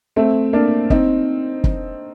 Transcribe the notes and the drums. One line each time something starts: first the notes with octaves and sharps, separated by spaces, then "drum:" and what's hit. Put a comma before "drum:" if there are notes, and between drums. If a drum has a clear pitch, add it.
A3 C4
A#3 D4
C4 D#4, drum: kick
drum: kick